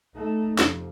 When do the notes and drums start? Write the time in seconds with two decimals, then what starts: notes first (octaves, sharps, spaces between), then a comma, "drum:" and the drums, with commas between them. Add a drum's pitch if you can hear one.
0.15 A3 D#4
0.59 F2 C3, drum: snare